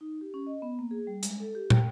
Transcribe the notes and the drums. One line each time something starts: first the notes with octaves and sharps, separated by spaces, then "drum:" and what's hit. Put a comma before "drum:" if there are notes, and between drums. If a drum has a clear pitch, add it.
D#4
G4
C#4
D#5
B3
A#3
G#4
G3
G#3, drum: hi-hat
A4
G4
G5, drum: tom